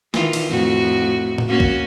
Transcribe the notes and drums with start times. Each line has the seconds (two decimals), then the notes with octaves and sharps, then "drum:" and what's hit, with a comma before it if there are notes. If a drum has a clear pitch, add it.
0.14 D#3 E3 F4, drum: snare
0.33 drum: cymbal
0.48 F2 A2 F#4
1.38 drum: tom A2
1.48 A#3 C#4 F#4
1.60 drum: kick